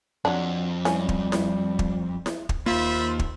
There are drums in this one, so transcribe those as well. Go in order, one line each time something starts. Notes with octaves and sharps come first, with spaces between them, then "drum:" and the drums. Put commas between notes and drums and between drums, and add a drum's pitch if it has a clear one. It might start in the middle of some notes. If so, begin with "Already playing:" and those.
F2 F#3 D4
G3 C#4, drum: snare E4
drum: kick
drum: snare E4
drum: kick
drum: snare E4
drum: kick
D#2 A#3 F4 C5 E5 B5
drum: kick